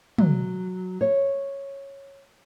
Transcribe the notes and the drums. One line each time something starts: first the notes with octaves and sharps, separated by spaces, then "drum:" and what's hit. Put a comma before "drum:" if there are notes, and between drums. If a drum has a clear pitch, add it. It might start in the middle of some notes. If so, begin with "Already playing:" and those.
F#3, drum: tom
C#5